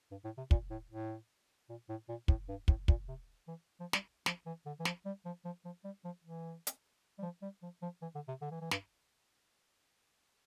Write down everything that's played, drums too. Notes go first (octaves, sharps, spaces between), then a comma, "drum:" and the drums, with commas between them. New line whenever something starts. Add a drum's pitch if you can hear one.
G2
A2
C3
A#2, drum: kick
A2
A2
A#2
A2
A#2
A2, drum: kick
G2
A2, drum: kick
A#2, drum: kick
C3
E3
F3
G3, drum: snare
F3, drum: snare
E3
D3
E3
F3, drum: snare
G3
F3
F3
F3
G3
F3
E3
drum: hi-hat
G3
F3
G3
F3
F3
E3
D3
C3
D3
E3
E3
G2, drum: snare